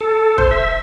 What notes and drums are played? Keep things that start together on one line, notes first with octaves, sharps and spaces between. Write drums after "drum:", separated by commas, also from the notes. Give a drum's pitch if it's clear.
A4
C5, drum: kick
E5